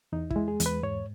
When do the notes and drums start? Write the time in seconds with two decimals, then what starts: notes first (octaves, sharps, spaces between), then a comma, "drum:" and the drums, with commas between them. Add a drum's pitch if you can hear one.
0.12 E2 D#4
0.31 E4, drum: kick
0.36 G#3
0.48 G#4
0.60 E2, drum: hi-hat
0.66 B4
0.83 G#2 C#5